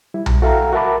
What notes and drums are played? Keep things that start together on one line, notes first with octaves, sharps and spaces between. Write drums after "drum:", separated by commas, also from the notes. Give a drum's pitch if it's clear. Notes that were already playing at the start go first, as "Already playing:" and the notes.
G3 E4
drum: tom B1
F#4 A4 E5 F5 G5 A#5
F#4 A#4 E5 A5 B5 D6